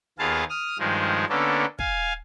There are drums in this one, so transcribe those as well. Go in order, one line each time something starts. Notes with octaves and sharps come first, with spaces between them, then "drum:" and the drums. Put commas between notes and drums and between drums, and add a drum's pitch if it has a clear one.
D#2 B3 F4 G#4 F5 A5
D#6 F6
G2 D#3 F3 G#3
D3 A#3 B3 C#4 D4 A4
F5 G#5, drum: kick